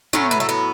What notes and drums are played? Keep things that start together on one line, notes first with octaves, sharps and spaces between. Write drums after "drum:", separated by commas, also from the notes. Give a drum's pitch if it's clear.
A2 F#3 A3 C#4, drum: tom
B3
A3
B3